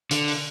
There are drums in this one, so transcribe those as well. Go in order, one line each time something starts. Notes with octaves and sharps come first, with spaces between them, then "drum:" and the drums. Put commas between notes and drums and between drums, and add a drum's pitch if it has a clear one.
D3, drum: hi-hat
drum: open hi-hat